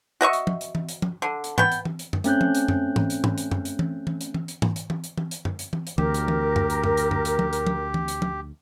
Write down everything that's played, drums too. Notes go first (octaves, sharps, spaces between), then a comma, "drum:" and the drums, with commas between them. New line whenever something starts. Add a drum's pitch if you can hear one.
F#4 D#5 E5 C#6
drum: hi-hat
drum: tom F3
drum: hi-hat
drum: tom E3
drum: hi-hat
drum: tom F3
D3
drum: hi-hat
B3 G5, drum: tom
drum: hi-hat
drum: tom E3
drum: hi-hat
drum: tom F#2
A3 C4 C#4 F#6 G6, drum: hi-hat
drum: tom F3
drum: hi-hat
drum: tom F#2
drum: tom
drum: hi-hat
drum: tom
drum: hi-hat
drum: tom F#2
drum: hi-hat
drum: tom E3
drum: tom E3
drum: hi-hat
drum: tom E3
drum: hi-hat
drum: tom
drum: hi-hat
drum: tom E3
drum: hi-hat
drum: tom E3
drum: hi-hat
drum: tom F#2
drum: hi-hat
drum: tom E3
drum: hi-hat
D2 G4 A#4, drum: tom E3
drum: hi-hat
drum: tom E3
drum: tom F#2
drum: hi-hat
drum: tom F#2
drum: hi-hat
drum: tom F#2
drum: hi-hat
drum: tom F3
drum: hi-hat
drum: tom F3
drum: tom E3
drum: hi-hat
drum: tom F3